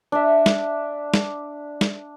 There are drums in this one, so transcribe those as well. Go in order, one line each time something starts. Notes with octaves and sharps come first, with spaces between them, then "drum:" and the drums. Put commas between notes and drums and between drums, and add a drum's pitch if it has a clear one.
D4 E5
drum: snare
drum: snare
drum: snare